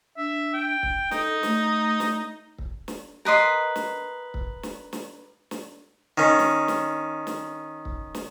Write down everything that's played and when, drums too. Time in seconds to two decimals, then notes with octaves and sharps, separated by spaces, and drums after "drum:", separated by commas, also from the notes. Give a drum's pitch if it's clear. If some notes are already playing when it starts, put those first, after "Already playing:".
0.17 D4 E5
0.54 G5
0.83 drum: kick
1.11 D#4 A4, drum: snare
1.43 A3, drum: snare
2.00 drum: snare
2.58 drum: kick
2.88 drum: snare
3.25 A#4 B4 D#5 C6
3.76 drum: snare
4.34 drum: kick
4.63 drum: snare
4.93 drum: snare
5.51 drum: snare
6.18 D#3 C#4
6.39 drum: snare
6.68 drum: snare
7.27 drum: snare
7.85 drum: kick
8.15 drum: snare